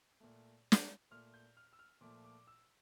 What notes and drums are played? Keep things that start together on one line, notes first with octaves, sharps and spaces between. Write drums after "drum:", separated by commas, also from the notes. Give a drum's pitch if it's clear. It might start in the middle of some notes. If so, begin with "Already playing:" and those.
A#2 A3
drum: snare
A#2 A3 F6
G6
F6
E6
F6
A#2 F3 A3 D6
D6
E6